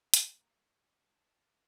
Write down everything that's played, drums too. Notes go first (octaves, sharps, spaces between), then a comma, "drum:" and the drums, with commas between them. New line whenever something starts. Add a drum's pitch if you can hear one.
A#5, drum: hi-hat
A#3
C#6
A5
F5